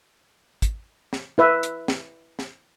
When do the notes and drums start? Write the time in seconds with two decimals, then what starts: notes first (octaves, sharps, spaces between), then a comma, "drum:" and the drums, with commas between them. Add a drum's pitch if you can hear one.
0.62 drum: kick, hi-hat
1.13 drum: snare
1.38 E4 B4 E5
1.63 drum: hi-hat
1.88 drum: snare
2.39 drum: snare